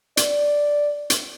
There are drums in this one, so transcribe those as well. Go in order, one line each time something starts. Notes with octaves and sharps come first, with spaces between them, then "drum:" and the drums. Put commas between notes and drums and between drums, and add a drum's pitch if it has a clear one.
D5, drum: hi-hat
drum: hi-hat